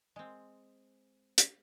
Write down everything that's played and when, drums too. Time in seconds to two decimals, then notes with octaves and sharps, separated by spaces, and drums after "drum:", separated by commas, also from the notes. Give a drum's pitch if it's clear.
0.16 G#3 C4
1.38 drum: hi-hat